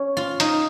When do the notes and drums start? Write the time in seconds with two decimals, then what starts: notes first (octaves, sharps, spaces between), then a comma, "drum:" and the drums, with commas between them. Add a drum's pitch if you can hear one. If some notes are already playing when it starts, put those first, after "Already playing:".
Already playing: C#4
0.17 F4
0.40 D#4, drum: hi-hat